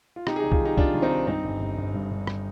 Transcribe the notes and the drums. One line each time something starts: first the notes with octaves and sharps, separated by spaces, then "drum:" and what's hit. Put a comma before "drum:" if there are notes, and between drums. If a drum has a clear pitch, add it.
F4
C3 D#4 G4, drum: rim click
G#4
C2 D#4 G4
F4 G#4, drum: kick B1
D#3
D#4 G4
C2 D4 F4, drum: kick B1
D#3
C4 D#4
C2
G2 C4 D#4
G1
G1
G1
G2
G2
drum: rim click